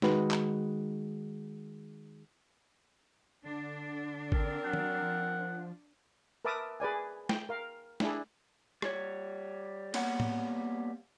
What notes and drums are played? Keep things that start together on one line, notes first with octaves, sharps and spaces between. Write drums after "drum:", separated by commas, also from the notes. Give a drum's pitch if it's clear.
D#3 G#3 D#4 F#4 B4, drum: snare
drum: clap
D3 D4
C4 A#4, drum: kick G#1
F#3 F#5
drum: tom
F3
A#4 B4 E5 A5 D6 D#6
G#4 B4 D5 G#5
G5, drum: snare
A#4 F5
D4 E4 G#4, drum: snare
G3 C#5, drum: rim click
G3 A#3 B3 C#5 F#5, drum: cymbal
drum: tom A2